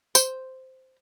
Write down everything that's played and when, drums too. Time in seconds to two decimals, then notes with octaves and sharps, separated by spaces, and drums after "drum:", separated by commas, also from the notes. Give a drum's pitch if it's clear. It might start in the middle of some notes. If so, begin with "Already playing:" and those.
0.15 C5, drum: tambourine